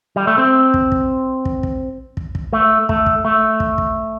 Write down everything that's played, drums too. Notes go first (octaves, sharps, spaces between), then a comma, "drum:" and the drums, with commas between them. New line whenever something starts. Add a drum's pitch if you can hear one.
G3
A3
C4
drum: kick
drum: kick
drum: kick
drum: kick
drum: kick
drum: kick
A3
A3, drum: kick
drum: kick
A3
drum: kick
drum: kick